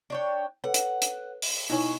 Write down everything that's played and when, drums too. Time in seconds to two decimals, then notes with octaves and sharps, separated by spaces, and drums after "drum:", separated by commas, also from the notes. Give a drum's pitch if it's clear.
0.10 D4 C#5 G5
0.64 A4 B4 C#5 F#5
0.74 drum: hi-hat
1.02 drum: hi-hat
1.42 drum: open hi-hat
1.70 B2 D#4 E4 C#5 G#5